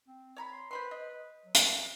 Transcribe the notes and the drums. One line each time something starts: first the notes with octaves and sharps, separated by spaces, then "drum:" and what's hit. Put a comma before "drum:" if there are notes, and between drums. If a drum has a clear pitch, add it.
C4
C#5 A#5 B5
C6
B4 C5 B5 C6
D#5
F#3
drum: hi-hat